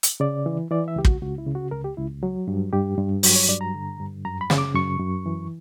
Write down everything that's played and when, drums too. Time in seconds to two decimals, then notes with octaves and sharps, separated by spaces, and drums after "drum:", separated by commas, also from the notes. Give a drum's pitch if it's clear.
0.03 drum: hi-hat
0.20 C#3 D5
0.46 E3
0.71 E3 D5
0.88 E5
0.96 C#2 G4
1.05 F#4, drum: kick
1.22 C#2 F#4
1.38 E4
1.47 C#3
1.55 F#4
1.71 C#2 A#4
1.84 G4
1.97 C#2 E4
2.23 F#3
2.48 G2
2.72 G2 G4
2.98 G2
3.23 F#3, drum: open hi-hat
3.36 C#5
3.49 G2 D5
3.61 A#5
3.74 D3
3.99 G2
4.25 F#2 A#5
4.41 B5
4.50 C#3, drum: snare
4.58 D6
4.75 F#2 C#6
5.00 F#2
5.26 E3